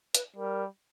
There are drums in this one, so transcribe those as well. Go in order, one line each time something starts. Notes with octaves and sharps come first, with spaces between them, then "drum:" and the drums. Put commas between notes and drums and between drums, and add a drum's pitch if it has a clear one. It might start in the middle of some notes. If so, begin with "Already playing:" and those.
B4, drum: hi-hat
G3 A#4